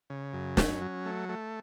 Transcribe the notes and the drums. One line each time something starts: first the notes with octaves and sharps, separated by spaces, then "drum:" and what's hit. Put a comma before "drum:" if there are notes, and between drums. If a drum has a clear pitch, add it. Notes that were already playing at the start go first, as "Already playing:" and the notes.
C#3
F#2
C#4, drum: snare
F#3
A3
A3